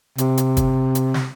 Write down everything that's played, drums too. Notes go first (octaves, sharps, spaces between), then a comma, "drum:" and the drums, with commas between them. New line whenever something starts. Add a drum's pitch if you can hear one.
C3, drum: hi-hat
drum: hi-hat
drum: kick, hi-hat
drum: hi-hat
drum: snare